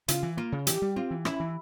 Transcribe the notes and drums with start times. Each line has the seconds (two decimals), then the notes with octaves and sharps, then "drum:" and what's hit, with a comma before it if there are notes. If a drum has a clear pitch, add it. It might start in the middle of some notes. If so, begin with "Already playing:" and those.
0.08 C#3 F4, drum: hi-hat
0.23 E3
0.37 A#3 F4
0.52 C#3
0.67 E3 G4, drum: hi-hat
0.82 G3
0.96 C4 F4
1.11 E3
1.25 C#4 E4, drum: rim click
1.40 E3